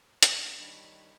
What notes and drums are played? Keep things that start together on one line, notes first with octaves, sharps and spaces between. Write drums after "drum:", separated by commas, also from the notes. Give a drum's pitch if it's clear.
B2 G5 A#5 D#6, drum: hi-hat
D#3 G3 D4 C#5 A5 B5